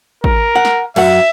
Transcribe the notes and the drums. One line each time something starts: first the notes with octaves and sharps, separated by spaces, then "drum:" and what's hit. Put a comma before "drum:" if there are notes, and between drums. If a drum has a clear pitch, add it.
A#4, drum: kick
F#5
drum: snare
F#2 E5 F#5, drum: cymbal